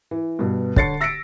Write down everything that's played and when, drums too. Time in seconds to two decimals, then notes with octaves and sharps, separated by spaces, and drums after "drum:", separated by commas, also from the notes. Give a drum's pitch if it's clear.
0.11 E3
0.39 G2 B2
0.76 D3 C#5 A6 C7 C#7, drum: kick
1.01 E6 A#6 B6 C#7 D7